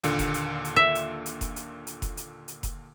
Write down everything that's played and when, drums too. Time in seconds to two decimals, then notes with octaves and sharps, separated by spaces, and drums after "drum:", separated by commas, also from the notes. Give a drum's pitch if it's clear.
0.04 D#2 A#2 D3, drum: hi-hat
0.19 drum: kick F1, hi-hat
0.34 drum: hi-hat
0.65 drum: hi-hat
0.76 E5
0.95 drum: hi-hat
1.26 drum: hi-hat
1.41 drum: kick F1, hi-hat
1.56 drum: hi-hat
1.87 drum: hi-hat
2.02 drum: kick F1, hi-hat
2.17 drum: hi-hat
2.48 drum: hi-hat
2.63 drum: kick F1, hi-hat